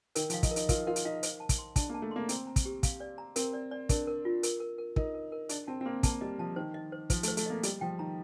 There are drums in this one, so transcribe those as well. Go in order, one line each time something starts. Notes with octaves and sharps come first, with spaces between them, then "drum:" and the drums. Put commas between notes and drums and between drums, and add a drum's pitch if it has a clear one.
D#3 A#4, drum: hi-hat
F3, drum: hi-hat
F5
D#4, drum: kick, hi-hat
A#4
D#4, drum: hi-hat
F4 A#4, drum: kick, hi-hat
F4 A#4
drum: hi-hat
D#4 F5
C5, drum: hi-hat
A5
drum: kick, hi-hat
C6
D4 A5, drum: kick, hi-hat
A#3
A5
A3
A#3 C6
C4 A#5, drum: hi-hat
A#5
drum: kick, hi-hat
G4
F5, drum: kick, hi-hat
D5
A#5
C4 A#4, drum: hi-hat
D5
D5
D4 A#4, drum: kick, hi-hat
A#4
F4
A#4, drum: hi-hat
A#4
A#4
D#4 A#4, drum: kick
A#4
A#4
D4 D#5, drum: hi-hat
C4 A5
C4
A#3 C6
A#3 A5, drum: kick, hi-hat
G3 D#5
F3 A5
D#3 C5
D#5
C5
F3 C5, drum: kick, hi-hat
A3, drum: hi-hat
C5
A3, drum: hi-hat
A#3 D#5
G3 D#5, drum: hi-hat
F3 G5
D#3 A#5